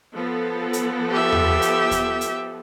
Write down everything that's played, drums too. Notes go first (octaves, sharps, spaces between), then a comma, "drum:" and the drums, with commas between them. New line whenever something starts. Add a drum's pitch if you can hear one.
F3 B3 A4
drum: hi-hat
G4 E5
drum: tom E2
drum: hi-hat
drum: kick D#2, hi-hat
drum: hi-hat